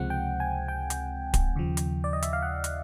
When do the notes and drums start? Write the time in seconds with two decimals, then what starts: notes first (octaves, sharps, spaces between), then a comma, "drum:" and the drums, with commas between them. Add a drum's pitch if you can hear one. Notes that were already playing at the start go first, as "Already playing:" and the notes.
Already playing: C#2 C3 F3 G#3 C4 F#5
0.10 G5
0.40 G#5
0.68 G5
0.90 drum: hi-hat
1.34 drum: kick D1, hi-hat
1.56 D#2 C#3 F3
1.77 drum: hi-hat
2.04 D5
2.13 D#5
2.23 E5, drum: hi-hat
2.33 F5
2.42 F#5
2.64 drum: hi-hat